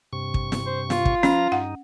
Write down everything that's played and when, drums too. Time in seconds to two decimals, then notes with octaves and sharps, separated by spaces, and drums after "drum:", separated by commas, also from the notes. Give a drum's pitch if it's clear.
0.13 G2 C3 C#6
0.34 drum: kick
0.52 drum: snare
0.66 C5
0.90 F4, drum: snare
1.05 drum: kick
1.23 F3 C#4 F5 A#5, drum: snare
1.52 G2 D#4 F#5